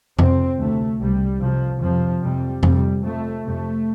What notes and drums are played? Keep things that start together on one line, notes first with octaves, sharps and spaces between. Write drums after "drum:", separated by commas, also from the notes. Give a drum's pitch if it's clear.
F2 C3 C4, drum: tom F2
D2 C3 A3
C2 C3 G3
F2 C3 F3
F2 C3 F3
F2 C3 G3
F2 C3 G3, drum: tom F2
F2 C3 A3
F2 C3 A3